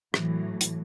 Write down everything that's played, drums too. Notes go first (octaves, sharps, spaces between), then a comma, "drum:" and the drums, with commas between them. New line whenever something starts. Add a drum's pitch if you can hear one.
A2 E3 F#3, drum: rim click
drum: hi-hat